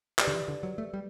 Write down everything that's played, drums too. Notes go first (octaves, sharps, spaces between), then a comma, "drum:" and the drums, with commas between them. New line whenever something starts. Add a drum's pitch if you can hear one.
G4 B4 D5, drum: clap
D3
E3
D3
F#3
A3
G3